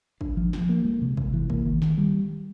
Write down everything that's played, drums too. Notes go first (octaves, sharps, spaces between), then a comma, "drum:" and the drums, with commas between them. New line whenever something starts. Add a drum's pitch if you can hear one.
D4, drum: kick
F3
F3, drum: snare
A#3
G#3
C3
C3, drum: kick
E3
A#3, drum: kick
D#3
D#3, drum: snare
G3